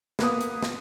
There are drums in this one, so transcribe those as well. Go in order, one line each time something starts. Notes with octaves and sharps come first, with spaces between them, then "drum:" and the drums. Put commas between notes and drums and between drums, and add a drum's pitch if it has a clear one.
A#3 B3 D#6, drum: snare
drum: hi-hat
drum: snare